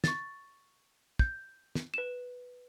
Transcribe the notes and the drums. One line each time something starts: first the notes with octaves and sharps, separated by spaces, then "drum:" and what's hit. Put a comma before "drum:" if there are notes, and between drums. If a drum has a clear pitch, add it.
C#6 A6, drum: snare
G6, drum: kick
drum: snare
B4 E7